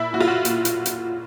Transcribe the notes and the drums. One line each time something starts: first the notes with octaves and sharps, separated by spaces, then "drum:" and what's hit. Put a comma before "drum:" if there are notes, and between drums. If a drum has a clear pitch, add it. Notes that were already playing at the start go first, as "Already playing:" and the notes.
Already playing: A#2 E4
A#2 F#4
F4
F#4
A#2, drum: hi-hat
drum: hi-hat
drum: hi-hat